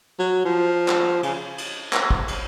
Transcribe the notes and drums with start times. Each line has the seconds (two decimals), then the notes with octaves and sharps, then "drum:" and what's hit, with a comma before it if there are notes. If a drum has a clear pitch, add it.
0.19 F#3
0.45 F3
0.88 drum: clap
1.23 C#3, drum: cymbal
1.58 drum: cymbal
1.93 drum: clap
2.10 drum: kick
2.28 drum: cymbal